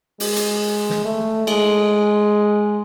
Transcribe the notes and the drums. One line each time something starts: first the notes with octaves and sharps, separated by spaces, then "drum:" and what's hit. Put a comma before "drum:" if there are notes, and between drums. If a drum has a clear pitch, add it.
G#3, drum: open hi-hat
drum: hi-hat
drum: snare
A3
G#3, drum: cymbal